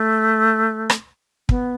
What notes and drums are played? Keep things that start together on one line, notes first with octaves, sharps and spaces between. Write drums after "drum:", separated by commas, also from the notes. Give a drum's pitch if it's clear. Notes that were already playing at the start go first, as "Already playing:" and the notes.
Already playing: A3
drum: rim click
B3, drum: kick